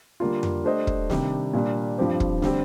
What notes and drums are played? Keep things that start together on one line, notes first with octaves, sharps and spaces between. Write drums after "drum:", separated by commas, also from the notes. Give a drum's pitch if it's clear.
D3 G3 A#3 D4 F4
drum: tom F2
A3 D4 G4 C5 D#5
drum: kick
C3 D#3 G3 D4 G4, drum: snare
A#2 G3 A#3 D4
G2 F3 C4 G4 C5
drum: kick
D3 G3 C4 G4, drum: snare